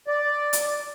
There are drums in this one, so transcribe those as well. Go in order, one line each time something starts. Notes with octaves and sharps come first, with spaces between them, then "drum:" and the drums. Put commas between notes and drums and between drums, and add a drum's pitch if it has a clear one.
D5
drum: hi-hat